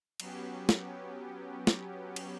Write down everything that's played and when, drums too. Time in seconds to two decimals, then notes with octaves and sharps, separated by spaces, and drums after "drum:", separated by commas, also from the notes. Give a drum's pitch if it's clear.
0.20 F#3 B3 C#4 G4, drum: cymbal
0.69 drum: snare
1.67 drum: snare
2.16 drum: cymbal